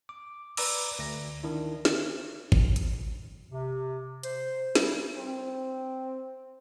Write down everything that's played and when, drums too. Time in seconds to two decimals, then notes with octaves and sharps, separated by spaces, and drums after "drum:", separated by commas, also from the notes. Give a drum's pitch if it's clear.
0.09 D6
0.57 B4 D5 A#5 D6 E6, drum: cymbal
0.99 D2 A#6
1.43 D#3 D4 E4
1.85 drum: snare
2.52 drum: kick
2.76 drum: hi-hat
3.51 C3
4.23 C5, drum: hi-hat
4.75 G3, drum: snare
5.16 C4